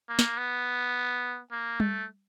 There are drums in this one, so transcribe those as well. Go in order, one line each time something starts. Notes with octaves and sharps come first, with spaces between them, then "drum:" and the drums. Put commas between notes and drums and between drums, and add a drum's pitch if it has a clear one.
A#3
drum: snare
B3
A#3
A3, drum: tom G3